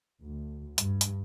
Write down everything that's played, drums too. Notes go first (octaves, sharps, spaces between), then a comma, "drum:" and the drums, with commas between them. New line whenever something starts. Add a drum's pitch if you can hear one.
D2
G2, drum: hi-hat
drum: hi-hat